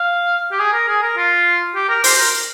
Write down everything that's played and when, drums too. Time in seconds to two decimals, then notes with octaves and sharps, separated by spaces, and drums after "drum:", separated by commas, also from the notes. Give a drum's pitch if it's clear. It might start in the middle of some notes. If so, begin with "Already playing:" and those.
Already playing: F5
0.52 G4
0.59 G#4
0.73 A#4
0.88 G#4
1.02 A#4
1.17 F4
1.75 G4
1.89 A#4
2.04 C5, drum: open hi-hat
2.18 A#4